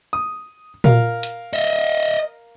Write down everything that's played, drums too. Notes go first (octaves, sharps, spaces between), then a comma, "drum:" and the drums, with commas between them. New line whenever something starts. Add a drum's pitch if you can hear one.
D#6
A#4 F5, drum: tom A#2
drum: hi-hat
D#5 E5